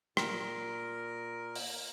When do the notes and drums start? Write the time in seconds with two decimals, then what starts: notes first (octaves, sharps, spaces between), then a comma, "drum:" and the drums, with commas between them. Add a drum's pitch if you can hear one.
0.17 A#2 A#4, drum: rim click
1.55 drum: open hi-hat